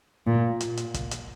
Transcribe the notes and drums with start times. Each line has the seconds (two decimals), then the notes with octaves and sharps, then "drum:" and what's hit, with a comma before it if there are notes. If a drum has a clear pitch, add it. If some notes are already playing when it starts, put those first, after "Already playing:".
0.27 A#2
0.60 drum: hi-hat
0.77 drum: hi-hat
0.94 drum: kick, hi-hat
1.11 drum: hi-hat